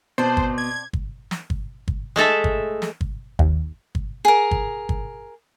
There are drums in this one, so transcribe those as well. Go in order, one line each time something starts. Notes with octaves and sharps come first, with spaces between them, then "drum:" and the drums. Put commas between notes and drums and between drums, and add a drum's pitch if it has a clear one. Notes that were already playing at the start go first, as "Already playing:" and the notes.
B2 C4 C5 D5 A5
drum: kick G1
G#6
drum: kick G1
drum: snare
drum: kick G1
drum: kick G1
G#3 A3 A4 E5
drum: kick G1
drum: snare
drum: kick G1
D#2, drum: kick G1
drum: kick G1
G#4 A#4
drum: kick G1
drum: kick G1